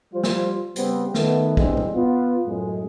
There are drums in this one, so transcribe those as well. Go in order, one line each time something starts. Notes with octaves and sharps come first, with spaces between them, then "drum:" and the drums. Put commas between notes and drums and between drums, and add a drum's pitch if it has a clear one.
F3 G3 F4 C5
drum: snare
C#3 G3 B3 C4, drum: hi-hat
D#3 A3 B3, drum: snare
A1 E2 G2 G#3 C4 D4, drum: kick
drum: tom A#2
B3 F4
F#2 A2 G#3